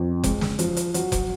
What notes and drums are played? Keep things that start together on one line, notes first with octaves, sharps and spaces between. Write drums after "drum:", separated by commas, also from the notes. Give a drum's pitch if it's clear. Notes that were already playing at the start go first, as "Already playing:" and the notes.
Already playing: F2
G#3, drum: kick F1, hi-hat
drum: snare
F3, drum: hi-hat
drum: hi-hat
F#3, drum: hi-hat
drum: kick F1, hi-hat